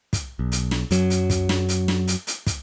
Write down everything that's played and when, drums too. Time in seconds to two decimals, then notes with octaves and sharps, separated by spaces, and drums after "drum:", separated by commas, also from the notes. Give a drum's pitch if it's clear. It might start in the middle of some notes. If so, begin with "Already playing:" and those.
0.13 drum: kick, hi-hat
0.39 B1
0.52 drum: hi-hat
0.71 drum: snare
0.91 F#2 F#3, drum: hi-hat
1.10 drum: hi-hat
1.30 drum: kick, hi-hat
1.49 drum: snare
1.69 drum: hi-hat
1.88 drum: snare
2.08 drum: hi-hat
2.27 drum: hi-hat
2.47 drum: kick, hi-hat